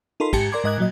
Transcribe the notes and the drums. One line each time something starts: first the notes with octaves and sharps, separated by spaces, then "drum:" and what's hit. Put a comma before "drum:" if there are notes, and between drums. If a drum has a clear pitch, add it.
D#4 F4 A4 A#4 B5 C6
G#2 G4 A5 C#7, drum: kick, cymbal
A#4 D5 C6 D6 G#6
G#2 A#4 D#5 D6 F#6 G#6
A#2 F#3 D#5